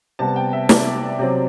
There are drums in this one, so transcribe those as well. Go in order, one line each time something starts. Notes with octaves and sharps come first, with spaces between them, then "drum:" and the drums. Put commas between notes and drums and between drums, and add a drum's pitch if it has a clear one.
C3 G3 B3 A5
G5
E5
D5, drum: snare
C3 F#3 C4